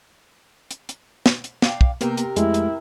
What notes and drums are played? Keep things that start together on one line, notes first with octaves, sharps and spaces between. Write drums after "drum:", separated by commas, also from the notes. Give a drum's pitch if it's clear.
drum: hi-hat
drum: hi-hat
drum: snare
drum: hi-hat
D4 F5 G5, drum: snare
drum: kick
C3 A#3 B3 A#4 G5, drum: hi-hat
drum: hi-hat
F2 G#3 A3 E4, drum: hi-hat
drum: hi-hat